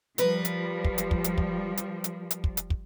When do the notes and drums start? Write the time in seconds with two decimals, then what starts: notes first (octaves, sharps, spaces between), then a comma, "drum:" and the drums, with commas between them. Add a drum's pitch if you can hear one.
0.18 F3 G3 A#4 B4, drum: hi-hat
0.45 drum: hi-hat
0.84 drum: kick
0.98 drum: hi-hat
1.11 drum: kick
1.24 drum: hi-hat
1.38 drum: kick
1.77 drum: hi-hat
2.04 drum: hi-hat
2.31 drum: hi-hat
2.44 drum: kick
2.57 drum: hi-hat
2.70 drum: kick